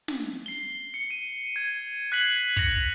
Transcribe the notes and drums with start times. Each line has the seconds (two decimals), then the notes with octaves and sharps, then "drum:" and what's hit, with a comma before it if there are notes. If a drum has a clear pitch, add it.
0.08 drum: snare
0.46 C7 G7
0.94 C#7
1.11 D#7
1.56 G#6
2.12 F#6 G#6 B6 C7 F#7
2.57 A#6 B6 C#7 F7, drum: kick